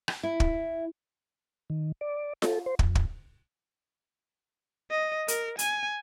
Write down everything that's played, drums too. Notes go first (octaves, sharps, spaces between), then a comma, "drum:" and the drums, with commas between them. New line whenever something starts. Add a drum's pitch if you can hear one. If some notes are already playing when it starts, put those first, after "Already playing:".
drum: rim click
E4
drum: kick
D#3
D5
A4, drum: snare F4
C5
F2, drum: kick
drum: kick
D#5
A#4, drum: hi-hat
G#5, drum: hi-hat